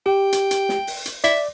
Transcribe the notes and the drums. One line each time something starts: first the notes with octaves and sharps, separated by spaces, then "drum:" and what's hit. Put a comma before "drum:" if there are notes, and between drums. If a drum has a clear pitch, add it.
G4 G5
drum: hi-hat
drum: hi-hat
drum: snare
drum: open hi-hat
drum: hi-hat
D5 E5, drum: hi-hat